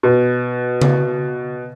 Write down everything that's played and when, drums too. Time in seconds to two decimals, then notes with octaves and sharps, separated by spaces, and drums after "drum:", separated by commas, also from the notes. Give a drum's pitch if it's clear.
0.03 B2
0.81 drum: tom C#3